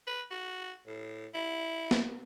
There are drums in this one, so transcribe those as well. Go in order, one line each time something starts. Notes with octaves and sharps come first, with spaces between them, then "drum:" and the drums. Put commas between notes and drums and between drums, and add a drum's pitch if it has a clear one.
B4
F#4
A2
E4
drum: snare